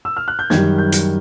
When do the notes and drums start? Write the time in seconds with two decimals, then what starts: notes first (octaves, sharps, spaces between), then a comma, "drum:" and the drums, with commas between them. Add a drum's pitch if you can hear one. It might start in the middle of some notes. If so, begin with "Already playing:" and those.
0.05 E6
0.17 F6
0.28 F#6
0.39 G6
0.50 F#2 D#3 G3 G#6, drum: snare
0.78 G6
0.92 drum: hi-hat